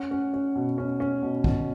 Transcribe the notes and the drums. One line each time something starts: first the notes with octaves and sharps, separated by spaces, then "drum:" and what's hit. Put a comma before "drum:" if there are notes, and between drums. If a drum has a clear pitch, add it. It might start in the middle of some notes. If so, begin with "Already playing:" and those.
Already playing: C#4 F#5
C#4
C#4
B2
C#4
C#4
B2
B2, drum: kick